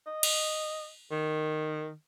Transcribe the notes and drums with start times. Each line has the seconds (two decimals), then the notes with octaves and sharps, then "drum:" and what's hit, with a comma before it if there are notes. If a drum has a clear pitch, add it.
0.07 D#5
0.23 drum: cymbal
1.11 D#3